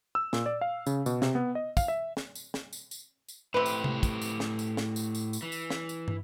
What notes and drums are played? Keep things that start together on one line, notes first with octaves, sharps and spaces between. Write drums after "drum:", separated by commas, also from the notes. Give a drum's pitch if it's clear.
E6
A#2, drum: snare
D5
F5
C#3, drum: tambourine
B2, drum: tambourine
C3, drum: snare
B3
D#5
F5, drum: kick, tambourine
E5
drum: snare
drum: tambourine
drum: snare
drum: tambourine
drum: tambourine
drum: tambourine
A2 C3 G4 B4
drum: tambourine
drum: tom C3
drum: kick, tambourine
drum: tambourine
drum: snare
drum: tambourine
drum: snare
drum: tambourine
drum: tambourine
drum: tambourine
E3
drum: tambourine
drum: snare
drum: tambourine
drum: tom